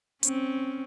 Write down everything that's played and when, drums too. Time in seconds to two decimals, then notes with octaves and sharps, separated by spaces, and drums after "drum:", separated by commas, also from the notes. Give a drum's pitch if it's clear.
0.23 C4 C#4, drum: hi-hat